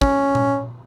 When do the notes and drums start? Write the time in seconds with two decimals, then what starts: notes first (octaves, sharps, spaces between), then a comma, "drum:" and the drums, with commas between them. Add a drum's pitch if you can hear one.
0.01 C#4, drum: kick
0.35 drum: tom A#2